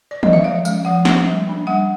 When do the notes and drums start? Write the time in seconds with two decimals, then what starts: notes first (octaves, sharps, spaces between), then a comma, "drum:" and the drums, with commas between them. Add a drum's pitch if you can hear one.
0.11 D5
0.23 D#5, drum: tom
0.33 E5
0.44 F3 F5
0.65 G#3 C#4, drum: tambourine
0.85 F3 F#5
1.05 G#3 C#4, drum: snare
1.26 G3
1.47 A#3 D4
1.67 G3 F#5